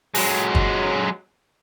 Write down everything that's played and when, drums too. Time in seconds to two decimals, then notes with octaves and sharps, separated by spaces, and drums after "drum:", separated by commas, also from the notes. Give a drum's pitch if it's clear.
0.15 F#3 G#3, drum: open hi-hat
0.55 drum: kick